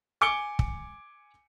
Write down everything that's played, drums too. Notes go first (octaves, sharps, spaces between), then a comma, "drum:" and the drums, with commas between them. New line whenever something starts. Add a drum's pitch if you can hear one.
G#5 D6 C#7 G7
drum: kick